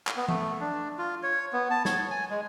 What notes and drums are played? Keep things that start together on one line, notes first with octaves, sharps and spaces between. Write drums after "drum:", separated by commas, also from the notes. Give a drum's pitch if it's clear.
drum: clap
B3
A3, drum: tom E3
D4
F4
C#5
B3
A5
C#5, drum: snare
G#5
G#3